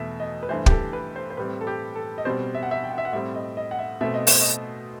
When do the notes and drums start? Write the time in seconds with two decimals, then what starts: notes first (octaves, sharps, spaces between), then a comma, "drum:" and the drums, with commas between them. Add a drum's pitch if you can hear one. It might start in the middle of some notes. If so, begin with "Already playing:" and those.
Already playing: E2 B2 A3 E5
0.20 D#5
0.43 B4
0.49 G2 E3 A3 C5
0.66 G4, drum: kick
0.71 A4
0.93 B4
1.16 C5
1.30 C5
1.37 A2 G3 C4 B4
1.61 A4
1.67 G4
1.96 A4
2.18 D#5
2.25 B2 G3 C4 C5
2.55 E5
2.63 F#5
2.71 E5
2.84 G5
2.91 F#5
2.98 E5
3.05 F#5
3.13 A2 G3 C4 E5
3.35 D#5
3.57 D#5
3.71 F#5
3.79 E5
4.01 B2 A3 C4 E5
4.14 D#5
4.27 C5, drum: open hi-hat
4.40 D#5